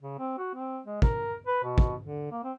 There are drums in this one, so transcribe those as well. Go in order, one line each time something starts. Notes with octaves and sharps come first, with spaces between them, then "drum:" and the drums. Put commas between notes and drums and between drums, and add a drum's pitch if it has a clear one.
C#3
C4
F#4
C4
G#3
A#4, drum: kick
B4
B2
drum: kick
D3
A#3
C4